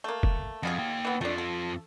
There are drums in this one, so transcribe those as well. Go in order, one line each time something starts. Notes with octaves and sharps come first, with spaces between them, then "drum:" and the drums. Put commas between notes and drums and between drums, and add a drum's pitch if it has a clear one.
A3 A#3
drum: kick
F2 B2 F4 G#4
A#3 G5
E3 B3
F2 F3 A3 D4
A4